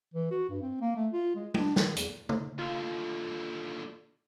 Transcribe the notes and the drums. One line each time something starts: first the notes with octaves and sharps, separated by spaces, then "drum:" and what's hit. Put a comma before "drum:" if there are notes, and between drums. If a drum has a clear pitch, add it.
E3
F#4
G2
C4
A#3
A3
F4
G#3
D4, drum: tom G#3
D#3, drum: snare
E2, drum: hi-hat
drum: tom
D#2 D3 F4